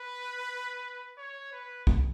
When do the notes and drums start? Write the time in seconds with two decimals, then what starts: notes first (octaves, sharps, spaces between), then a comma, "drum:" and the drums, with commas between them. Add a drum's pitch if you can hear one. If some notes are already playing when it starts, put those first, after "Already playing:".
Already playing: B4
1.18 C#5
1.52 B4
1.87 drum: kick